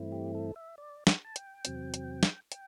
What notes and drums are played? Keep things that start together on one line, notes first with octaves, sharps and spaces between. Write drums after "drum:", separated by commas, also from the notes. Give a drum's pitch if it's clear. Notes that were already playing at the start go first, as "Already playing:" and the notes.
Already playing: G2 E3 A3 C4 E4
G4
A4
E5
D5
drum: snare
A5
G5, drum: hi-hat
E2 C3 F#3 C4, drum: hi-hat
drum: hi-hat
drum: snare
G5, drum: hi-hat